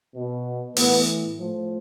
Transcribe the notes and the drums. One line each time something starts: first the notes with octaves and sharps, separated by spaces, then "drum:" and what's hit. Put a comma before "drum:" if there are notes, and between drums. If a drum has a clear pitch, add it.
B2
A2 E3 B3, drum: open hi-hat
A2 F3